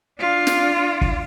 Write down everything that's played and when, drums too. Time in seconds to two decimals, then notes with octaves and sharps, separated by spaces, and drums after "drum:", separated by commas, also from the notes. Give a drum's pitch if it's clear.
0.19 D4 F4
0.47 drum: snare
1.01 drum: kick